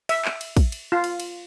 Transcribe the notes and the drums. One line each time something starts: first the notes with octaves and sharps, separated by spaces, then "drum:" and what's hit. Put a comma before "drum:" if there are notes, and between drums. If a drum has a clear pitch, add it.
E5, drum: cymbal
drum: clap
drum: cymbal
drum: kick, cymbal
drum: cymbal
F4
drum: cymbal
drum: cymbal